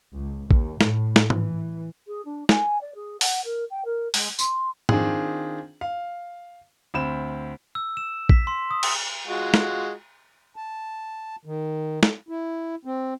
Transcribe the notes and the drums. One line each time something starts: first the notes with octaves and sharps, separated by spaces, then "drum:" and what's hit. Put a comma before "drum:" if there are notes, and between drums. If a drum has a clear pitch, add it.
C#2
D#2, drum: kick A#1
A2, drum: snare
drum: snare
E3, drum: tom G#2
G#4
D4
G#5, drum: snare
D5
G#4
F#5, drum: open hi-hat
A#4
G5
A#4
G#3, drum: open hi-hat
C6, drum: tambourine
D#3 C4 D4 F4 G#4, drum: tom G#2
F5
D2 C4 B5 E7
E6
E7
B6, drum: kick A#1
C6
D#6
drum: cymbal
G#3 F4 F#4
drum: snare
A5
D#3
drum: snare
E4
C4